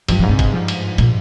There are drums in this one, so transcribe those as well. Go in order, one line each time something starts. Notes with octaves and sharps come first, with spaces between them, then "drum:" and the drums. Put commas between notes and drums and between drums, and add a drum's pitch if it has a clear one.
G2 F3, drum: cymbal
F3
G#2
C3
G#2, drum: kick G1, cymbal
F3
drum: cymbal
A#2, drum: cymbal